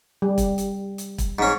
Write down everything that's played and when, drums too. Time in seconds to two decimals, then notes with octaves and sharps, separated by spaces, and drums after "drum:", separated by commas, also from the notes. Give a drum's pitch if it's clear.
0.22 G3
0.38 drum: kick, hi-hat
0.58 drum: hi-hat
0.98 drum: hi-hat
1.18 drum: kick, hi-hat
1.39 G#2 C#4